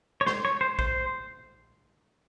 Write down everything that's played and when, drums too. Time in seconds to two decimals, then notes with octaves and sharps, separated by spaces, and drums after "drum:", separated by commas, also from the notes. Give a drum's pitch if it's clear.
0.21 C#5
0.26 C5, drum: snare
0.45 C#5
0.61 C5
0.79 C5, drum: kick A#1